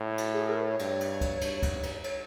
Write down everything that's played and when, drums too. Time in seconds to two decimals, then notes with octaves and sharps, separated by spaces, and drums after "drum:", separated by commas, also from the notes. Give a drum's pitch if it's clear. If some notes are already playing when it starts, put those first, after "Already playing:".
Already playing: A2
0.18 drum: cymbal
0.34 G#4
0.49 A#4
0.65 C#5
0.79 G2, drum: cymbal
1.01 drum: cymbal
1.21 drum: kick C#2, cymbal
1.41 G2, drum: cymbal
1.63 drum: kick C#2, cymbal
1.83 drum: cymbal
2.04 C#5, drum: cymbal